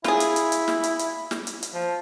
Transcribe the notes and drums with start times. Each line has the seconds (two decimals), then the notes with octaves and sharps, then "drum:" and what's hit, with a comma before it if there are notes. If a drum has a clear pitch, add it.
0.04 E4 F4 G#4, drum: snare
0.20 drum: hi-hat
0.36 drum: hi-hat
0.52 drum: hi-hat
0.68 drum: snare
0.83 drum: hi-hat
0.99 drum: hi-hat
1.31 drum: snare
1.47 drum: hi-hat
1.63 drum: hi-hat
1.74 F3